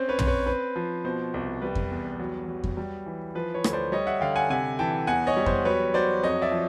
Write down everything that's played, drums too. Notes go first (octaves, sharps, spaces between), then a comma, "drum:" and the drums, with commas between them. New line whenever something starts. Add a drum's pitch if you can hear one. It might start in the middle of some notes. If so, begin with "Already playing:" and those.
Already playing: C4 C#4 C5
B4 C#5
C4, drum: tom
B4 C#5
C4 B4
F3
B2 C5
C2
G3 B4
drum: kick F2
E2
F#3
F#3
drum: kick F2
G3
E3
F3 B4
B4 C#5
D2, drum: rim click
C5 D5
G3 C#5 D#5
E5 F#5
D3 F5 G5
F#5 G#5
C3 F#5 G#5
E3 G5 A5
E2 F#5 G#5
C#5 D#5
G3
C5, drum: kick F2
F#3 B4 C#5
F#3 C5 D5
F2 C#5 D#5
D5 E5
F3